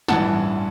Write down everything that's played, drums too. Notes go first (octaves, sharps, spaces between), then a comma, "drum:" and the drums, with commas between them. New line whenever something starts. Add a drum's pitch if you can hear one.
A1 G2 E3 F#5 A5, drum: snare